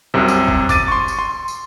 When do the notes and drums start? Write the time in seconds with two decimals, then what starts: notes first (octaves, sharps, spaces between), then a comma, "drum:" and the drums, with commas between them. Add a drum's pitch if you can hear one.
0.14 C2 F#2 C3
0.28 drum: tambourine
0.48 drum: kick
0.69 D6 A6 D#7, drum: kick, tambourine
0.88 C6 C#6
1.08 drum: tambourine
1.19 C6
1.48 drum: tambourine